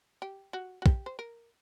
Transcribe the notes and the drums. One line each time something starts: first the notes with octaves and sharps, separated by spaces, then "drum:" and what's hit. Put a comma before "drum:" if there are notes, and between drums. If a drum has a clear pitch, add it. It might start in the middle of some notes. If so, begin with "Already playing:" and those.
G4
F#4
F#4
G4, drum: kick
C5
A#4